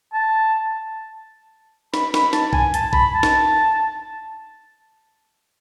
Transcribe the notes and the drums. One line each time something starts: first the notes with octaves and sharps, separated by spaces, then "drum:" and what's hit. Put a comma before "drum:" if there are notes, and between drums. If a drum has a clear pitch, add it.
A5
B5, drum: snare
B5, drum: snare
A5, drum: snare
G#5, drum: kick B1
A5, drum: hi-hat
B5, drum: kick B1
A5
drum: snare